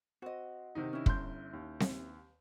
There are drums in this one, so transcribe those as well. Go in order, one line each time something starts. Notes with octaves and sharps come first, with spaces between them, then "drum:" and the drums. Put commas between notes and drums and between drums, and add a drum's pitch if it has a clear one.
C4 F#4 D#5
C3 D#3 D#4
C#4 E4
G1 C6 G6, drum: kick
D#2
drum: snare C4